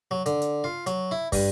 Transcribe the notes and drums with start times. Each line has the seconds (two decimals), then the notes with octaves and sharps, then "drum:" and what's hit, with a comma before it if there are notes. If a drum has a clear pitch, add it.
0.11 F#3
0.26 D3, drum: hi-hat
0.42 drum: hi-hat
0.64 F4
0.87 F#3, drum: hi-hat
1.11 E4
1.32 G2, drum: kick, open hi-hat